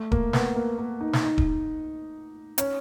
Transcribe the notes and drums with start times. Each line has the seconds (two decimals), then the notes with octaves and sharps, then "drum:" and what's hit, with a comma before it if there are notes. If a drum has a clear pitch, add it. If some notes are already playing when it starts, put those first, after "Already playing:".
Already playing: A3
0.12 A#3, drum: kick D#1
0.33 B3, drum: snare
0.56 A#3
0.79 A#3
1.01 D#4
1.13 drum: snare
1.23 D#4
1.38 drum: kick D#1
2.58 C#4, drum: hi-hat